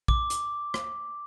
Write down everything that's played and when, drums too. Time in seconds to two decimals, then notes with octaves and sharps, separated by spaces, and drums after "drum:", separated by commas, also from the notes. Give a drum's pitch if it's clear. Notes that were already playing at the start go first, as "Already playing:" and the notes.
0.08 D6, drum: kick A#1
0.30 drum: hi-hat
0.74 drum: rim click